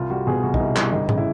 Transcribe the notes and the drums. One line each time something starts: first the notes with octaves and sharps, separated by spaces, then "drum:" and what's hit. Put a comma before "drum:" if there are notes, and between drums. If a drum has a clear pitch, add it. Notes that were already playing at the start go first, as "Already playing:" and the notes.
Already playing: C2 F4
G3 F#4
B2 G#4
C2 F#4
D#4, drum: kick
C2 E4
G3 E4, drum: clap
G1 D#4
C#3, drum: tom G#2
E4